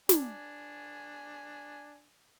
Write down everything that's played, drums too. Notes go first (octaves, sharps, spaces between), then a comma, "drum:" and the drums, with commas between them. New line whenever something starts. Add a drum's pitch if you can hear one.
D4 G#5, drum: snare